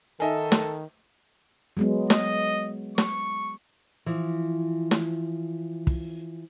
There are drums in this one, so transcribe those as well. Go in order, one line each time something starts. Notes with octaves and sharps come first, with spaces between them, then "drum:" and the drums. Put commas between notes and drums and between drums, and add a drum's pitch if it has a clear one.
D#3 D#4 A4 A#4 D#5 E5 G#5
drum: snare
F#3 G#3 B3
D#5, drum: snare
C#6, drum: snare
E3 F3
drum: snare
drum: kick